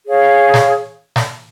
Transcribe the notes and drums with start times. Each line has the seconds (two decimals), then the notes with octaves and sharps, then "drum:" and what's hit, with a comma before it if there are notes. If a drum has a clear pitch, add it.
0.08 G#4 C#5 F5
0.54 drum: snare
1.16 drum: snare